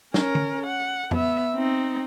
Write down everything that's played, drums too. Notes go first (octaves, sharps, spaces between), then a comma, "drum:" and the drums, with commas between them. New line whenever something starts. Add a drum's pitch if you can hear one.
C#4 A#4, drum: snare
drum: tom
F#5
B3 E5, drum: tom E2
C4 D#4